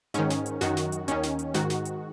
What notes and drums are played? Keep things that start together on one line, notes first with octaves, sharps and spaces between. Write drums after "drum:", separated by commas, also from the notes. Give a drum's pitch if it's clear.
G#2 D#3 C#4, drum: hi-hat
drum: snare
drum: hi-hat
F#2 D#3 F#4, drum: snare
drum: snare
drum: hi-hat
D#2 D#3 C#4, drum: hi-hat
drum: snare
drum: hi-hat
G#2 D#3 F#4, drum: snare
drum: snare
drum: hi-hat